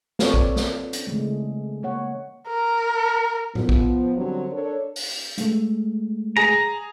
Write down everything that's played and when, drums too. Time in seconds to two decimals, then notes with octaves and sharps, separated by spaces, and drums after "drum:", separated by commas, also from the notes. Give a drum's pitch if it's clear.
0.19 C4 F4 A4 B4 C#5 D5, drum: snare
0.34 drum: kick
0.56 drum: snare
0.93 drum: hi-hat
1.07 C#3 E3 G#3 A3
1.83 C#3 A#3 C#5 F#5
2.48 A#4
3.55 F3 B3, drum: tom A2
3.69 drum: kick
4.16 D3 F#3 G3 C4 D4
4.52 D4 A4 A#4 C#5
4.96 drum: open hi-hat
5.38 G#3 A3, drum: hi-hat
6.37 G#4 A#5